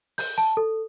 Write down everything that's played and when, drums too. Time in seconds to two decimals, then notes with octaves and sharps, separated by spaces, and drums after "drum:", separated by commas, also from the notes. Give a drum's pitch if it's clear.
0.18 G6, drum: open hi-hat
0.38 A5
0.57 A4